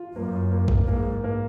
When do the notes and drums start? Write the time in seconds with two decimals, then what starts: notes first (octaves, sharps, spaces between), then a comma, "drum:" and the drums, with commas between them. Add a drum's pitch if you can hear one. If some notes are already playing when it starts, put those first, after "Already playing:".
Already playing: F4
0.15 F#2 A#3
0.51 A#3
0.68 drum: kick A1
0.88 G#2 A#3
1.24 A#3